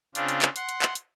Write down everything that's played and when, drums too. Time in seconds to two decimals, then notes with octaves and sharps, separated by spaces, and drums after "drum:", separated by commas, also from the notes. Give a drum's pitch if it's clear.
0.15 C#3 C4 D4 F4, drum: hi-hat
0.29 drum: hi-hat
0.42 drum: clap
0.56 F#5 C6, drum: hi-hat
0.69 drum: hi-hat
0.82 drum: clap
0.95 drum: hi-hat